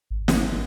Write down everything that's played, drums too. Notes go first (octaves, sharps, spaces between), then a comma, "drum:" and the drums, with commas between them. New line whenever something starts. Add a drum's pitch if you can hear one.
G#1
drum: snare